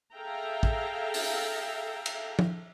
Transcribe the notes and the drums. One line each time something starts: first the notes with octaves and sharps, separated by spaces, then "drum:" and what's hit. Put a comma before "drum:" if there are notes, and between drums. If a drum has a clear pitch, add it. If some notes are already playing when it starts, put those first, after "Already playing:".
G#4 A4 E5 F5 G5 A#5
drum: kick A1
drum: open hi-hat
drum: cymbal
drum: tom F3